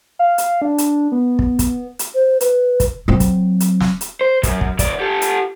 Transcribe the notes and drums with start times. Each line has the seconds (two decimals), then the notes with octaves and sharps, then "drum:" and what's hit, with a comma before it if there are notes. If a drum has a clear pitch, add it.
0.19 F5
0.38 drum: hi-hat
0.62 D4
0.78 drum: hi-hat
1.12 B3
1.39 drum: kick
1.59 drum: kick, hi-hat
1.99 drum: hi-hat
2.15 C5
2.41 B4, drum: hi-hat
2.80 drum: kick, hi-hat
3.08 F#3 C4
3.20 drum: kick, hi-hat
3.60 drum: hi-hat
3.81 drum: snare
4.01 drum: hi-hat
4.21 C5
4.43 F#2, drum: kick, hi-hat
4.61 drum: kick
4.79 D#2 D5, drum: kick, hi-hat
5.00 G4 A4
5.22 drum: hi-hat